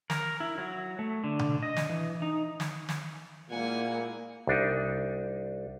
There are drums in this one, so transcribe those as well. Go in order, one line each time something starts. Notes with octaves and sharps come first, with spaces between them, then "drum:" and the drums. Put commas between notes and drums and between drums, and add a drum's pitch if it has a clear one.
A#4, drum: snare
E4
F#3
A3
D3
drum: tom B2
D#5
drum: snare
E3
D#4
drum: snare
drum: snare
A#2 G#3 A#3 E4 F#5 G#5
C2 D4 D#4